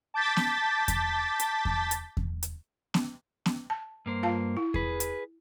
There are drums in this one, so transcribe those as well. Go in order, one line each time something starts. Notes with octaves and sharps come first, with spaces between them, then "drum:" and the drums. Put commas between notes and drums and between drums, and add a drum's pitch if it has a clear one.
A5 D6 G6 A6 B6
drum: snare B3
drum: kick E2, hi-hat
drum: hi-hat
drum: kick E2
drum: hi-hat
drum: kick E2
drum: hi-hat
drum: snare B3
drum: snare B3
A5
G2 A#3 C5
F4 F5 A5
E4
G#4 B4, drum: kick E2
drum: hi-hat